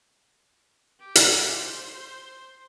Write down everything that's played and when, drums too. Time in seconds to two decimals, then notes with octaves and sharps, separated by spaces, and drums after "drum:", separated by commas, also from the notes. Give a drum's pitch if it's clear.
1.00 G4
1.15 drum: hi-hat
1.55 C5